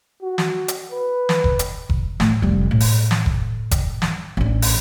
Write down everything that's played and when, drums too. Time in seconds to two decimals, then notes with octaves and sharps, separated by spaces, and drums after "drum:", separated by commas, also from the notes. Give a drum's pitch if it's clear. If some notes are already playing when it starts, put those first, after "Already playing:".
0.23 F#4
0.38 drum: snare
0.68 drum: hi-hat
0.92 B4
1.29 drum: snare
1.44 drum: kick F1
1.59 drum: hi-hat
1.90 drum: kick F1
2.20 A2, drum: snare
2.42 F1 G3
2.71 A2
2.80 drum: open hi-hat
3.11 drum: snare
3.26 drum: kick F1
3.71 drum: kick F1, hi-hat
4.02 drum: snare
4.37 A1 D4
4.62 drum: open hi-hat